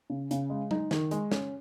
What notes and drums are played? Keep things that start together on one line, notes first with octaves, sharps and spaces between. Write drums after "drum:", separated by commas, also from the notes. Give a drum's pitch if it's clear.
C#3
C#3, drum: hi-hat
G#3
D#4, drum: tom F#3
D#3, drum: snare
G#3, drum: hi-hat
C#4, drum: snare